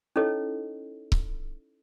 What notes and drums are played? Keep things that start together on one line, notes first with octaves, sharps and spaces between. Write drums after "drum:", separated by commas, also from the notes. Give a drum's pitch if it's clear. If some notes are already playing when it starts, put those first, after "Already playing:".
C#4 D#4 E4 A4 C#5 D#5
drum: kick C#1